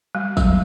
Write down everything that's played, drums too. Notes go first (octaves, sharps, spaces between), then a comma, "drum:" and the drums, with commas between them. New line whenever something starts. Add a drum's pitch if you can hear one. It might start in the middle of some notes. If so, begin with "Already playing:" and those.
G3
F#3, drum: kick, tambourine